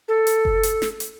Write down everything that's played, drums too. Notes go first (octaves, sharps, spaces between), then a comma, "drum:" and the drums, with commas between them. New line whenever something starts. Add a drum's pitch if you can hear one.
A4
drum: hi-hat
drum: kick F#1
drum: hi-hat
drum: snare
drum: hi-hat